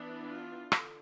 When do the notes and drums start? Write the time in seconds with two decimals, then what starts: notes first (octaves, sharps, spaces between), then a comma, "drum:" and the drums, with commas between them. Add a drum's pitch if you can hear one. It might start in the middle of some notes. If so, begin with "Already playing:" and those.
Already playing: E3 B3 D4
0.29 F4
0.72 D3, drum: rim click